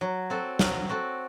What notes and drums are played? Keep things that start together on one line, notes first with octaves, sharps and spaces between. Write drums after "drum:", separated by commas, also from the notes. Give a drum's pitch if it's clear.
F#3
C4 F#4 A4
F#3, drum: snare
C4 F#4 A4